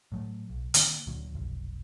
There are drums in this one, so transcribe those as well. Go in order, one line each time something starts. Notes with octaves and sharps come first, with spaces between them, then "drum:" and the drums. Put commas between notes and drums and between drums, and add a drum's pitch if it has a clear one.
A2 F#3 A3
B1
D3 D#3 A#3 C4, drum: hi-hat
D2 A#2 D3 F#3
F1 B1